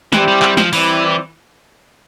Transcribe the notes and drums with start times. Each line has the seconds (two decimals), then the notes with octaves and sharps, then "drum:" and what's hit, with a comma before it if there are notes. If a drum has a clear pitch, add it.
0.12 E3 C4 E4 G4 D5, drum: snare
0.28 G3
0.42 G3, drum: clap
0.57 F3, drum: snare
0.73 E3 G3 C4 E4 B4 D5, drum: open hi-hat